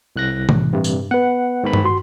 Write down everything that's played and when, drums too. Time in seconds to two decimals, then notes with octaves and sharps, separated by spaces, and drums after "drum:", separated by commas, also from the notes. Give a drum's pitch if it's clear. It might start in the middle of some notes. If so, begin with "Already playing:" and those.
0.16 C2 F#6 A#6
0.49 A2 E3, drum: tom C3
0.73 G2 C3
0.84 drum: tambourine
1.11 B3 B4 F#5
1.64 G#2 D#3 B5
1.73 drum: tom G2
1.84 F#4 C6